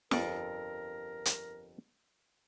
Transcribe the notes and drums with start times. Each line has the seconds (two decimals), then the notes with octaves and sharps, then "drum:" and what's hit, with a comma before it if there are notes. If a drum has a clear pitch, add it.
0.11 G1 F2 A#4 D5, drum: snare
1.26 drum: hi-hat